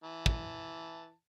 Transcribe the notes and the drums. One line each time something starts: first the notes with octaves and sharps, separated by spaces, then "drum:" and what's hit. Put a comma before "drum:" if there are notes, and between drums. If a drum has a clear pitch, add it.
E3 A5
drum: kick